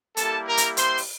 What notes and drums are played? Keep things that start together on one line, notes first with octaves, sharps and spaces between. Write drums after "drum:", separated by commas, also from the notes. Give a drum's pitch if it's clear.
G3 A#3 E4 G4 A4 A5, drum: hi-hat
A#4 A#5
drum: hi-hat
C5 C6, drum: hi-hat
drum: open hi-hat